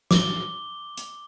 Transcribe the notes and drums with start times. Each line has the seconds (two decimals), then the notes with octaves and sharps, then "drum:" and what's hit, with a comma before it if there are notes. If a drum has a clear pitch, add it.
0.11 D6 G7, drum: snare
0.98 drum: hi-hat